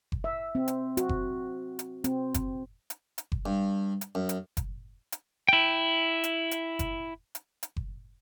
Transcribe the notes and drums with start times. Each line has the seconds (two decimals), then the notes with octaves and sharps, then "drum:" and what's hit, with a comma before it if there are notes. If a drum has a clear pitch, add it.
0.12 drum: kick F#1
0.24 E5
0.55 C4
0.68 drum: hi-hat
0.97 F#4, drum: hi-hat
1.09 drum: kick F#1
1.79 drum: hi-hat
2.04 C4, drum: hi-hat
2.34 drum: kick F#1, hi-hat
2.90 drum: hi-hat
3.18 drum: hi-hat
3.32 drum: kick F#1
3.46 G2
4.01 drum: hi-hat
4.15 F#2
4.29 drum: hi-hat
4.57 drum: kick F#1, hi-hat
5.12 drum: hi-hat
5.49 E4 G5
6.24 drum: hi-hat
6.51 drum: hi-hat
6.79 drum: kick F#1, hi-hat
7.35 drum: hi-hat
7.63 drum: hi-hat
7.76 drum: kick F#1